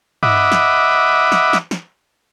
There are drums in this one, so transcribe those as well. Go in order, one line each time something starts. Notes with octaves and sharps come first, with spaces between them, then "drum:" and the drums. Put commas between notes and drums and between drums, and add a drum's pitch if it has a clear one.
D#5 E5 F#5 B5 D6, drum: tom G2
drum: snare
drum: snare
drum: snare
drum: snare